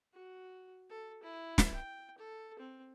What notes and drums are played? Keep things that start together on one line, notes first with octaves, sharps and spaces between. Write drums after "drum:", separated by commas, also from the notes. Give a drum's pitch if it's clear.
F#4
A4
E4
drum: snare
G5
A4
C4